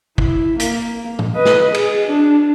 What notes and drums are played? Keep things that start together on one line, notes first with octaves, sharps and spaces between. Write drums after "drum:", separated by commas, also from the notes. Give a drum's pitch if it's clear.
E4, drum: kick
A#3, drum: hi-hat
drum: tom
B4 D#5
drum: snare
G#4, drum: cymbal
D4